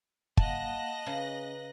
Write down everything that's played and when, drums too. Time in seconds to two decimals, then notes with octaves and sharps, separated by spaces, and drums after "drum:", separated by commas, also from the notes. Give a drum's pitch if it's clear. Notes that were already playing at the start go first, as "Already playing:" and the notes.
0.37 A#3 D#5 F5 F#5 A5 F#6 A#6, drum: kick
1.06 C#3 B4 A#5